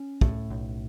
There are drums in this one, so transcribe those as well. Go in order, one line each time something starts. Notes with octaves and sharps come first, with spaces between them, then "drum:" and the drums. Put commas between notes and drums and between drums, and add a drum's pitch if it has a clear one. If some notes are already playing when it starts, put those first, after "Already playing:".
Already playing: C#4
A2, drum: kick
B1